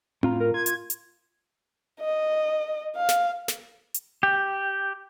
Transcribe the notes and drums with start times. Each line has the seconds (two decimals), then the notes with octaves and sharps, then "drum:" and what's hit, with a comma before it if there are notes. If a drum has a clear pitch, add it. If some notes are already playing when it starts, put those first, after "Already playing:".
0.23 A2 F4 A#5, drum: tom C4
0.40 A#4
0.54 F4 G#6
0.66 drum: hi-hat
0.90 drum: hi-hat
2.00 D#5
2.97 F5
3.09 drum: snare
3.48 drum: snare
3.94 drum: hi-hat
4.23 G4